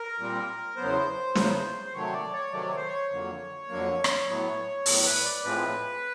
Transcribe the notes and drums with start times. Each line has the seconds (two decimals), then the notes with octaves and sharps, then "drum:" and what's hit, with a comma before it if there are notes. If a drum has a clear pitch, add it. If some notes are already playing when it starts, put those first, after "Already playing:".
Already playing: A#4
0.18 A#2 G3 C4
0.77 E2 C#3 F#3 B3 C5
1.35 E2 C#3 F#3 B3, drum: snare
1.85 C5
1.94 C3 D#3 F#3 A3 C#5
2.13 D5
2.32 C#5
2.52 C3 D#3 F#3 A3 D5
2.64 C#5
2.76 C5
2.87 C#5
3.11 F2 D3 F#3 A#3
3.69 F2 D3 F#3 A#3
4.04 drum: rim click
4.27 A2 F#3 B3
4.86 A2 F#3 B3, drum: open hi-hat
5.05 B4
5.24 D5
5.43 A2 F3 G#3 C4 B4